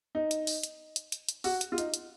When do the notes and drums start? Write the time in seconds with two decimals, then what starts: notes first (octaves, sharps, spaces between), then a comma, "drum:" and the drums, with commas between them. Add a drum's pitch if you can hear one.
0.15 D#4
0.31 drum: hi-hat
0.47 drum: open hi-hat
0.63 drum: hi-hat
0.96 drum: hi-hat
1.12 drum: hi-hat
1.29 drum: hi-hat
1.44 F#4, drum: open hi-hat
1.61 drum: hi-hat
1.72 F4
1.78 D#4, drum: hi-hat
1.94 drum: hi-hat